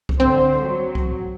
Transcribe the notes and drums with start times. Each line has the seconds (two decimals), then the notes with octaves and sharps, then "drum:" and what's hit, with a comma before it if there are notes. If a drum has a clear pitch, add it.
0.09 drum: kick C2
0.20 D3 C4 C5
0.61 F#3
0.95 drum: kick C2